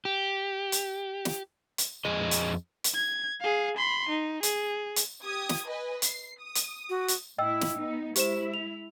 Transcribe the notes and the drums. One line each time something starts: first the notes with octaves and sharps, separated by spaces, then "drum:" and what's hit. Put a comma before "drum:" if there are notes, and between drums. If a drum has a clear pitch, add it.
G4
drum: hi-hat
drum: snare
drum: hi-hat
F2 G#4 D#5
drum: hi-hat
drum: hi-hat
G#6
G#4 F5
B5 C6
D#4
G#4, drum: hi-hat
drum: hi-hat
G4 D#6 G#6
drum: snare
B4 D#5 G#5
C7, drum: hi-hat
D#6
drum: hi-hat
F#4
drum: hi-hat
A2 E4 D#5 G5 E6
drum: snare
B3 D#4
G#3 E4 G4 C5 E5 E7, drum: hi-hat
F7